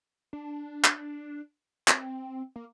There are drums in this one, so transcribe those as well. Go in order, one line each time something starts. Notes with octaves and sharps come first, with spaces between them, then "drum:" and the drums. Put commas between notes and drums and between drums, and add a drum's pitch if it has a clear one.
D4
drum: clap
C4, drum: clap
A#3